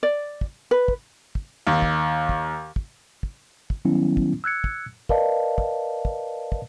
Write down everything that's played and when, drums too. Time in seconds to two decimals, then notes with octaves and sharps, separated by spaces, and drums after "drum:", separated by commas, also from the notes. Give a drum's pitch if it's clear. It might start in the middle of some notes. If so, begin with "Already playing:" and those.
0.03 D5
0.41 drum: kick
0.71 B4
0.88 drum: kick
1.35 drum: kick
1.67 D#2
1.82 drum: kick
2.29 drum: kick
2.76 drum: kick
3.23 drum: kick
3.70 drum: kick
3.85 D#3 F#3 G3 B3 C#4 E4
4.17 drum: kick
4.44 E6 F#6 G#6 C#7
4.64 drum: kick
5.09 A#4 B4 D5 D#5 F5 A5, drum: kick
5.58 drum: kick
6.05 drum: kick
6.52 drum: kick